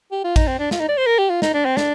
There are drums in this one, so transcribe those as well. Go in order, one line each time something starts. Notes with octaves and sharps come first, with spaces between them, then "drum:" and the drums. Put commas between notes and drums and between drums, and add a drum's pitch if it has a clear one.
G4
F4
D#4, drum: kick, cymbal
C4
D4
F4, drum: snare
D#4
D5
C5
A#4
G4
F4
D#4, drum: snare
D4
C4
D4, drum: snare